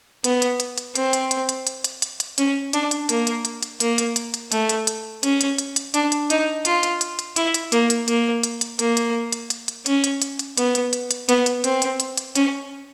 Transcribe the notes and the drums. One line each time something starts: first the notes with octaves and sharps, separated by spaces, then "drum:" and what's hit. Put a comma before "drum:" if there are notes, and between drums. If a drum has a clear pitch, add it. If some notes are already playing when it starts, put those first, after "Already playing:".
B3, drum: hi-hat
drum: hi-hat
drum: hi-hat
drum: hi-hat
C4, drum: hi-hat
drum: hi-hat
drum: hi-hat
drum: hi-hat
drum: hi-hat
drum: hi-hat
drum: hi-hat
drum: hi-hat
C#4, drum: hi-hat
D4, drum: hi-hat
drum: hi-hat
A#3, drum: hi-hat
drum: hi-hat
drum: hi-hat
drum: hi-hat
A#3, drum: hi-hat
drum: hi-hat
drum: hi-hat
drum: hi-hat
A3, drum: hi-hat
drum: hi-hat
drum: hi-hat
C#4, drum: hi-hat
drum: hi-hat
drum: hi-hat
drum: hi-hat
D4, drum: hi-hat
drum: hi-hat
D#4, drum: hi-hat
F4, drum: hi-hat
drum: hi-hat
drum: hi-hat
drum: hi-hat
E4, drum: hi-hat
drum: hi-hat
A#3, drum: hi-hat
drum: hi-hat
A#3, drum: hi-hat
drum: hi-hat
drum: hi-hat
A#3, drum: hi-hat
drum: hi-hat
drum: hi-hat
drum: hi-hat
drum: hi-hat
C#4, drum: hi-hat
drum: hi-hat
drum: hi-hat
drum: hi-hat
B3, drum: hi-hat
drum: hi-hat
drum: hi-hat
drum: hi-hat
B3, drum: hi-hat
drum: hi-hat
C4, drum: hi-hat
drum: hi-hat
drum: hi-hat
drum: hi-hat
C#4, drum: hi-hat